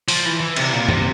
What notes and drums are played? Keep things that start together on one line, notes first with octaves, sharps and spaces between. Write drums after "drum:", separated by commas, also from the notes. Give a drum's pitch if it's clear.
F3, drum: open hi-hat
E3
E3
C3, drum: cymbal
A#2
C3, drum: tom G2